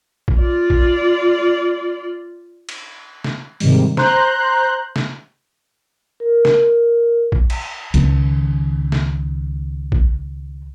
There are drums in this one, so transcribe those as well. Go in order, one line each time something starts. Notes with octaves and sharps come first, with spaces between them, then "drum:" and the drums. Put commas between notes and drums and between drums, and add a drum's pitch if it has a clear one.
drum: kick A#1
F4 D5
drum: kick A#1
drum: cymbal
drum: snare
G#2 C3 D#3 G3, drum: open hi-hat
C5 A#5 C6 F#6 G6, drum: snare
drum: snare
A#4
drum: snare
drum: kick A#1
drum: cymbal
C#2 D#3, drum: hi-hat
drum: snare
drum: kick A#1